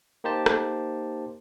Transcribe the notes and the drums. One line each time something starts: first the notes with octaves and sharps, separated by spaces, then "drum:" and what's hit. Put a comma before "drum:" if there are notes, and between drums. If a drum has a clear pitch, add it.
A#3 D#4 G4 C5 A5
drum: rim click